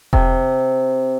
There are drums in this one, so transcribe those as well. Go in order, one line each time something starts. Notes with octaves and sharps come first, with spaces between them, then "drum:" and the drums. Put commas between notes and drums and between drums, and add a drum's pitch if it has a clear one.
C3, drum: kick E1